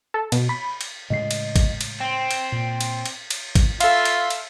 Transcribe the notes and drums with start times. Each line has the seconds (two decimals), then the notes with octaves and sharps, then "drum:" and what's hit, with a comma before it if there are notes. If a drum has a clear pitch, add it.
0.14 A4
0.32 B2, drum: cymbal
0.49 B5
0.81 drum: cymbal
1.10 A2 C#3 G#3 D#5 C7
1.31 drum: cymbal
1.56 drum: kick A1, cymbal
1.81 drum: cymbal
2.00 C4 G5
2.31 drum: cymbal
2.52 A#2
2.81 drum: cymbal
3.06 drum: cymbal
3.30 drum: cymbal
3.55 drum: kick A1, cymbal
3.80 F4 A4 E5 F5 C6, drum: cymbal
4.05 drum: cymbal
4.30 drum: cymbal